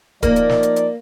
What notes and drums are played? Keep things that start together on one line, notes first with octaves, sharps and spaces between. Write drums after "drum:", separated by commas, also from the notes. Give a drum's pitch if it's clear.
F3 A#3 D#4 D5, drum: kick D1, hi-hat
drum: hi-hat
drum: snare
drum: hi-hat
drum: hi-hat